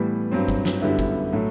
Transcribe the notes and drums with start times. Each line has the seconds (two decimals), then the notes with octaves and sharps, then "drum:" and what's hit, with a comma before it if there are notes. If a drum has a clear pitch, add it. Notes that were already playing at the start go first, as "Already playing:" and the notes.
Already playing: A2 E3 G3 B3
0.32 G2 F#3 C4
0.48 drum: kick
0.65 drum: snare
0.82 F#2 D3 G3 B3 E4
0.99 drum: kick
1.33 A2 F#3 A3